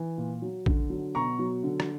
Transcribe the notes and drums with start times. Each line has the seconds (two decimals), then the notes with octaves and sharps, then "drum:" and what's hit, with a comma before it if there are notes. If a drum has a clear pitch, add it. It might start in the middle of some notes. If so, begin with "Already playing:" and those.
Already playing: E3
0.18 A#2
0.42 F#3
0.66 D3, drum: kick A#1
0.90 F#3
1.15 B2 A#5 C#6
1.39 F#3
1.63 D3
1.80 drum: rim click